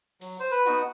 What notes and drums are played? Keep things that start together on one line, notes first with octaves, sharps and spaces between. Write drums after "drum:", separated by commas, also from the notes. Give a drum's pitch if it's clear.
F#3, drum: open hi-hat
C5
B4
B3 D#4 F#4, drum: hi-hat